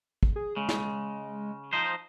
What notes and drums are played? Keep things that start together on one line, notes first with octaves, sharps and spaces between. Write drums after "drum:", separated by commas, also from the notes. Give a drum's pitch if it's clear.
drum: kick
G#4
C#3 G#3
drum: snare
F3 D#4 C5